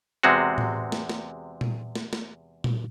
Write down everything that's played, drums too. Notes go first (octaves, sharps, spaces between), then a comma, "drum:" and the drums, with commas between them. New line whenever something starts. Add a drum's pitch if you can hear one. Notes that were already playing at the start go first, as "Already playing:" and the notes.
E2 C3 G#3 C4 F#4
drum: tom A2
drum: snare
drum: snare
drum: tom A#2
drum: snare
drum: snare
drum: tom A#2